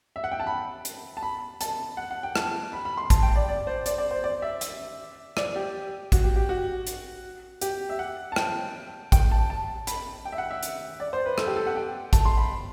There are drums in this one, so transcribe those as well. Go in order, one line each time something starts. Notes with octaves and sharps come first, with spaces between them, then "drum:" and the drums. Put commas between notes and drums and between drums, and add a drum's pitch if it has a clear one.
E5
F#5
G5
A5
B5
drum: hi-hat
A5
B5
A5, drum: hi-hat
F#5
F#5
G5
A5, drum: rim click
B5
B5
C6
A5, drum: kick A1, hi-hat
G5
D5
D5
C5
D5, drum: hi-hat
D5
C5
D5
E5
E5, drum: hi-hat
D5, drum: rim click
G4
F#4, drum: kick A1, hi-hat
G4
G4
F#4
drum: hi-hat
G4, drum: hi-hat
E5
F#5
A5
G5, drum: rim click
G5, drum: kick A1, hi-hat
A5
A5
B5, drum: hi-hat
G5
E5
F#5
E5
drum: hi-hat
D5
C5
B4
A4, drum: rim click
G4
A4
F#5
G5
A5, drum: kick A1, hi-hat
C6
B5